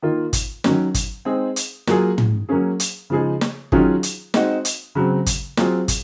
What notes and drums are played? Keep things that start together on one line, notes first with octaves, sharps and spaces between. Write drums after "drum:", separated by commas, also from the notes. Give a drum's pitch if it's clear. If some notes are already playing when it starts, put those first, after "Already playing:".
D#3 A#3 F4
drum: kick, hi-hat
D#3 F#3 C#4, drum: snare
drum: kick, hi-hat
G#3 C4 D#4 G#4
drum: hi-hat
F#3 A#3 F4 G#4, drum: snare
drum: tom
F#3 A#3 C#4 G#4
drum: hi-hat
C#3 F3 G#3 D#4 G#4
drum: snare
D#3 F#3 C#4 F4 G#4, drum: kick
drum: hi-hat
G#3 C4 D#4 F#4, drum: snare
drum: hi-hat
C#3 F#3 C4
drum: kick, hi-hat
F#3 C4 F4 G#4, drum: snare
drum: kick, hi-hat